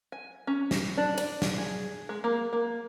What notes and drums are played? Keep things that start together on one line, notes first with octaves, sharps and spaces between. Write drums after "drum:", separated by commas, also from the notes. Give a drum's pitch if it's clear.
G#5
C#4
drum: snare
D4
D5, drum: cymbal
drum: snare
G#4
G#3
A#3
A#3